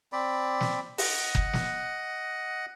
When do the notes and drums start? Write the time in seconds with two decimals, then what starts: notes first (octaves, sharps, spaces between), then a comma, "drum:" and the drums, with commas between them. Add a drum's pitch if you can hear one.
0.12 C4 D5 B5
0.61 drum: snare
0.98 D#5 F#5, drum: open hi-hat
1.35 drum: kick F#1
1.53 drum: snare